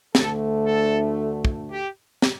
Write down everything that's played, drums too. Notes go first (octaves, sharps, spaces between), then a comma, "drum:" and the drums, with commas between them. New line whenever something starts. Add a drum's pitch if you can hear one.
D2 D3 A3 A4, drum: snare
A4
drum: kick
G4
drum: snare